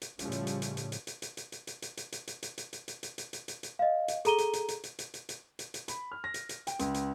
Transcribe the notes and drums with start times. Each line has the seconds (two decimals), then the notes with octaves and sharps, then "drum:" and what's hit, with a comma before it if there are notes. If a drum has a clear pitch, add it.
0.02 drum: hi-hat
0.19 A2 C#3 F3 G3 A3 C#4, drum: hi-hat
0.32 drum: hi-hat
0.47 drum: hi-hat
0.62 drum: hi-hat
0.77 drum: hi-hat
0.92 drum: hi-hat
1.07 drum: hi-hat
1.22 drum: hi-hat
1.37 drum: hi-hat
1.52 drum: hi-hat
1.67 drum: hi-hat
1.82 drum: hi-hat
1.97 drum: hi-hat
2.12 drum: hi-hat
2.27 drum: hi-hat
2.43 drum: hi-hat
2.58 drum: hi-hat
2.73 drum: hi-hat
2.88 drum: hi-hat
3.03 drum: hi-hat
3.18 drum: hi-hat
3.33 drum: hi-hat
3.48 drum: hi-hat
3.63 drum: hi-hat
3.79 D#5 F5
4.08 drum: hi-hat
4.25 G#4 A4 A#5 D#7 G7, drum: hi-hat
4.38 drum: hi-hat
4.53 drum: hi-hat
4.68 drum: hi-hat
4.84 drum: hi-hat
4.99 drum: hi-hat
5.14 drum: hi-hat
5.29 drum: hi-hat
5.59 drum: hi-hat
5.74 drum: hi-hat
5.88 B5, drum: hi-hat
6.12 F6
6.24 A#6
6.34 drum: hi-hat
6.49 drum: hi-hat
6.67 G5, drum: hi-hat
6.79 C#2, drum: hi-hat
6.94 drum: hi-hat